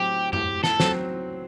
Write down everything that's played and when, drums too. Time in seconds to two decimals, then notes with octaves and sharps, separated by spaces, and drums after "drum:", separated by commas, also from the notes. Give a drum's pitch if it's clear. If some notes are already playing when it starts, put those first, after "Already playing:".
Already playing: A2 F#3 C4 G4
0.33 A2 G4, drum: tom F#2
0.64 A4, drum: snare
0.80 F#3 C4, drum: snare